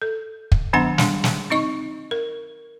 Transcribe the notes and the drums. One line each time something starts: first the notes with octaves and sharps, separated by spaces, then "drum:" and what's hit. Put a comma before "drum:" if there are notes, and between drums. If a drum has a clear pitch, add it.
A4
drum: kick
D#3 F#3 B3 D4 F#5 A#5
G3 D4, drum: snare
drum: snare
C4 D#4 D#5 C#6
A#4